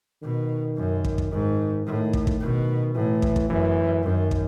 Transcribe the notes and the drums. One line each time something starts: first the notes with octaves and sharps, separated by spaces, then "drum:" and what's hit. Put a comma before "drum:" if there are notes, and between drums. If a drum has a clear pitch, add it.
B2 D#3
F#2
drum: kick
drum: kick
G#2 D#3
A2 D#3
drum: kick
drum: kick
B2 D#3
A2 E3
drum: kick
drum: kick
F#2 E3
F#2 D#3
drum: kick